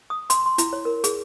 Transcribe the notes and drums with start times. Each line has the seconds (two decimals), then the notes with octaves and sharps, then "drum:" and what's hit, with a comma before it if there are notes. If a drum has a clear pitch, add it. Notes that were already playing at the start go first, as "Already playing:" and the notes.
0.10 D#6
0.30 C6, drum: hi-hat
0.46 C6
0.58 E4, drum: hi-hat
0.73 C#5
0.85 A#4
1.04 G#4, drum: hi-hat